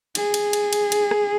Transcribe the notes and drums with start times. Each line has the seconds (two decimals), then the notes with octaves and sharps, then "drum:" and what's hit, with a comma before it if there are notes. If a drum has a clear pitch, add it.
0.15 G#4, drum: cymbal
0.34 drum: cymbal
0.53 drum: cymbal
0.73 drum: cymbal
0.92 drum: cymbal
1.11 drum: rim click